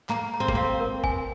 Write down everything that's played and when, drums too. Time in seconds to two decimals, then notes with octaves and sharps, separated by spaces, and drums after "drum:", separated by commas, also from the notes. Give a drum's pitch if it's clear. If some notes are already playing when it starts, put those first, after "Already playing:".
0.09 A#3 A#5, drum: clap
0.34 A#5
0.40 C4
0.48 A#3, drum: kick
0.55 C4 F5
0.81 A#4
1.04 G#5, drum: kick